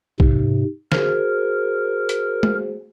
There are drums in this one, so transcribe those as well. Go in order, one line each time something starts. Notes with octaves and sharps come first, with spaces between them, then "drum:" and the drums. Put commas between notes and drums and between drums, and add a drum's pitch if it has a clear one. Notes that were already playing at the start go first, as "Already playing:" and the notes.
G#2 C3, drum: kick
F#4 G#4 A#4 C5, drum: snare
drum: hi-hat
drum: tom G#3